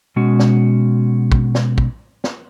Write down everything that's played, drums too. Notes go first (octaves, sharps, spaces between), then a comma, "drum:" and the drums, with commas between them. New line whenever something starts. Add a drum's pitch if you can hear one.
B2 G#3 C#4 F#4
drum: snare
drum: kick
drum: snare
drum: kick
drum: snare